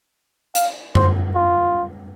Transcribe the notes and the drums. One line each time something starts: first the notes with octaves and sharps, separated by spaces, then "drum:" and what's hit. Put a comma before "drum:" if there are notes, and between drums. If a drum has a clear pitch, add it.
F5, drum: hi-hat
C5, drum: tom F#2
F4